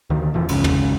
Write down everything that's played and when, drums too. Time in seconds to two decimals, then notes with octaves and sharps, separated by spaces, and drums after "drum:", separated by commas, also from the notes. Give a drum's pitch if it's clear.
0.10 D2 D#3
0.34 E1 E3 F3
0.48 G1 C#2 C#3, drum: cymbal
0.64 drum: tom